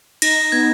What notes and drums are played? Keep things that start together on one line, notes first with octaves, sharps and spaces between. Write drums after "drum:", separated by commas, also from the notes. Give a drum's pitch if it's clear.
D#4 A#6, drum: cymbal
B3 G#6